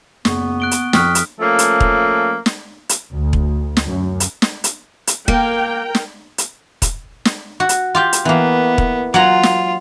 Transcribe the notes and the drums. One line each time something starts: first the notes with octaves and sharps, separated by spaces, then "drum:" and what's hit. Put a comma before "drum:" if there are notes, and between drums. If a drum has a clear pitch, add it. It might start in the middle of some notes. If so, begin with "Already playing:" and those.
F#1 B3 C#6, drum: snare
F#6 D7 G7
drum: hi-hat
F2 G5 C#6 D#6 F6 F#6 B6, drum: snare
drum: hi-hat
F3 A3 A#3 C#4
drum: hi-hat
drum: kick E1
drum: snare
drum: hi-hat
D2
drum: kick E1
drum: snare
F#2
drum: hi-hat
drum: snare
drum: hi-hat
drum: hi-hat
A#3 A#4 G5, drum: kick E1
drum: snare
drum: hi-hat
drum: kick E1, hi-hat
drum: snare
F#4
drum: hi-hat
F4 G4 G5
drum: hi-hat
E3 A#3 B3
drum: kick E1
F#3 F4 F#5 A#5
drum: snare